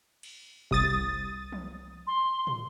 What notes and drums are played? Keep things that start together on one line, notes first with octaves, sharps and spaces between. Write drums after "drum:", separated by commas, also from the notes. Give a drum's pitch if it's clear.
drum: cymbal
C2 D#6 A6, drum: kick F#1
drum: tom E3
C6
drum: tom